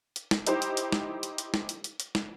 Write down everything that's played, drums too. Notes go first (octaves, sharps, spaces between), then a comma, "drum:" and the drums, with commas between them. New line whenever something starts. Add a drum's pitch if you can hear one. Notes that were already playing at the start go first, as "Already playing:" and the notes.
drum: hi-hat
drum: snare
D#4 E4 G4 C5, drum: hi-hat
drum: hi-hat
drum: hi-hat
drum: snare
drum: hi-hat
drum: hi-hat
drum: snare
drum: hi-hat
drum: hi-hat
drum: hi-hat
drum: snare